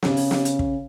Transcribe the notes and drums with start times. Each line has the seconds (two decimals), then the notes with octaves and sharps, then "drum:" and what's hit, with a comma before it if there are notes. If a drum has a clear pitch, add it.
0.03 C#3 C#4, drum: snare
0.17 drum: open hi-hat
0.31 drum: snare
0.45 drum: hi-hat
0.59 drum: kick